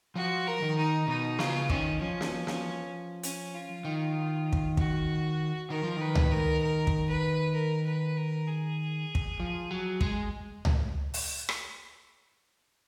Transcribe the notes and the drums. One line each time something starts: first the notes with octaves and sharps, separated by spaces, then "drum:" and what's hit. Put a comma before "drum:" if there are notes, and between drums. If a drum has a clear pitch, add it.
F3 F#4
A#4
D#3
D#4
B2 D#4
C#3 F4, drum: snare
D#3 C#4, drum: kick
F3 C#4
drum: snare
C#4, drum: snare
C#4, drum: hi-hat
F4
D#3
drum: kick
F#4, drum: kick
D#3 A#4
F3
D#3 B4
drum: tom C#2
A#4
A#4
drum: kick
B4
A#4
B4
A#4
G#4
drum: kick
F3
F#3
G#3, drum: kick
drum: tom C#2
drum: open hi-hat
drum: rim click